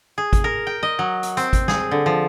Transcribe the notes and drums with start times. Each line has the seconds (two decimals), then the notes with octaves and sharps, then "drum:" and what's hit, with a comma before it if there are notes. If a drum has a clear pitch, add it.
0.18 G#4
0.33 drum: kick G#1, hi-hat
0.44 A#4
0.67 G5
0.83 D#5
0.99 F#3
1.23 drum: hi-hat
1.37 C4, drum: hi-hat
1.53 drum: kick G#1, hi-hat
1.68 G#4, drum: snare
1.91 D3
2.06 F3